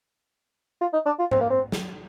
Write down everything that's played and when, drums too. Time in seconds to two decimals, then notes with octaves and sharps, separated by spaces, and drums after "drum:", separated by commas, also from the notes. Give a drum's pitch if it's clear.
0.81 F4
0.93 D#4
1.06 D4
1.19 F4
1.31 C4, drum: tom G#2
1.41 A#3
1.50 C4
1.72 drum: snare